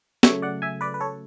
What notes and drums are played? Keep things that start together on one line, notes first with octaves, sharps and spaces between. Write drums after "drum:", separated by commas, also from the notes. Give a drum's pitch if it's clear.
C#3 F#3 A3 C#5 E5, drum: snare
D5 F#5
E5 G#5
B4 D5
B4
A4 C#5